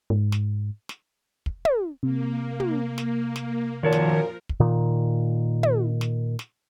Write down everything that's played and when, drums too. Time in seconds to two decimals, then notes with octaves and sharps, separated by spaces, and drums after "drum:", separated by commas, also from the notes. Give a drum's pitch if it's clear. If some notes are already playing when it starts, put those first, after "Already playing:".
0.10 G#2
0.32 drum: snare
0.89 drum: snare
1.46 drum: kick
1.65 drum: tom
2.03 C3 A#3
2.60 drum: tom
2.98 drum: snare
3.36 drum: snare
3.83 F#2 A#2 D#3 F3 A#4 C#5 A5
3.93 drum: snare
4.49 drum: kick
4.60 A#2 D#3
5.63 drum: tom
6.01 drum: snare
6.39 drum: snare